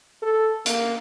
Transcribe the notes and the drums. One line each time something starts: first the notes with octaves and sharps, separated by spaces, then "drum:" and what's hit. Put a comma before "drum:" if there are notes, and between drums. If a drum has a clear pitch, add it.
A4
A#3, drum: hi-hat